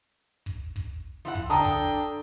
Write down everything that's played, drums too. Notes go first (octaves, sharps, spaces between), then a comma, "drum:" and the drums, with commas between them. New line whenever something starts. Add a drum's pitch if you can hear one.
drum: kick
drum: kick
F3 E4 F#5
drum: kick
D3 D4 G5 A5 A#5 D#6
drum: kick